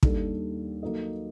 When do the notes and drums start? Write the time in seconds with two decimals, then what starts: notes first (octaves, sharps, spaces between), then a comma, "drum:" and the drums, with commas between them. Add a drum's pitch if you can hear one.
0.03 D#2 D#3 G3 D4 A4, drum: kick
0.83 F#3 A#3 D#4 A4 D#5